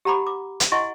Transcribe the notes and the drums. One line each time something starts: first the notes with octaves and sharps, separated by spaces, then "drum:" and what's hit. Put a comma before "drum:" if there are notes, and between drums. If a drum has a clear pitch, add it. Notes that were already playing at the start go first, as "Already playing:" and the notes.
G4 F#5 A#5 B5 D6
D6
drum: hi-hat
E4 D#5 F#5 G#5 C6 C#6